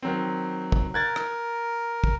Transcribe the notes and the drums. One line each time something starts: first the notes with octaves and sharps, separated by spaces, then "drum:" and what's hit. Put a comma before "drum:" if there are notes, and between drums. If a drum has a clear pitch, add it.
D#3 F#3 C4
drum: kick
A#4 F#6 G#6 A6
drum: rim click
drum: kick